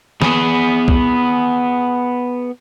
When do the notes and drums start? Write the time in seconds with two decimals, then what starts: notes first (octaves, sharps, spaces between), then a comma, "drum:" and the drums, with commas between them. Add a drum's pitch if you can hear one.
0.22 B3 G#4, drum: snare
0.88 drum: kick